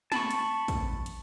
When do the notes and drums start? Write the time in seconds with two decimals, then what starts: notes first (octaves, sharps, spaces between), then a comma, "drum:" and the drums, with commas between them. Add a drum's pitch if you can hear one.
0.12 A5 B5 C#6, drum: snare
0.31 drum: hi-hat
0.68 drum: kick, hi-hat
1.06 drum: hi-hat